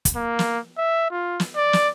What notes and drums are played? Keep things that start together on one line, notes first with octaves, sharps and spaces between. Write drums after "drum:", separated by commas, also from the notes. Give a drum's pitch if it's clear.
drum: kick, hi-hat
A#3
drum: snare
E5
F4
drum: snare
D5
drum: snare